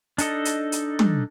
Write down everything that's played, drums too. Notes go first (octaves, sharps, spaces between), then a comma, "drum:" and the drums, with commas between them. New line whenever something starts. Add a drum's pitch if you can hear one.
D4 D#4 A4 D#5, drum: hi-hat
drum: hi-hat
drum: hi-hat
drum: tom